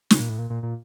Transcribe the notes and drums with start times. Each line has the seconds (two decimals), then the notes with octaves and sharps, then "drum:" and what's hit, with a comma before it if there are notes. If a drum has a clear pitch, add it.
0.10 C#3, drum: snare
0.20 A#2
0.29 A2
0.38 A#2
0.50 A#2
0.63 A#2